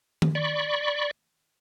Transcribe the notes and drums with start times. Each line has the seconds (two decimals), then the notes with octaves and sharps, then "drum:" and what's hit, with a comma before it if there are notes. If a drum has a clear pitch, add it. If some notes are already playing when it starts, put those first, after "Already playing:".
0.22 drum: tom D#3
0.35 D5 B5 C#6